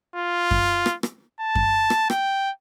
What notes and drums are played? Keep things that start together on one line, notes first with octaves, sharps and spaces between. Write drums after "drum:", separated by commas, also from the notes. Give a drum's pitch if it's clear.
F4
drum: kick F#2
drum: rim click
drum: rim click
A5
drum: kick F#2
drum: rim click
G5, drum: rim click